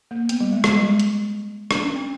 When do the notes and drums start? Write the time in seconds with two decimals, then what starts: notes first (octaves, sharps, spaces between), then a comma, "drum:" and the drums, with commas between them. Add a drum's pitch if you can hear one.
0.11 A#3
0.29 B3, drum: hi-hat
0.41 G3
0.52 G#3
0.64 G#3, drum: rim click
0.77 G3
0.88 G#3
1.00 drum: hi-hat
1.71 D4, drum: rim click
1.82 C#4
1.95 C4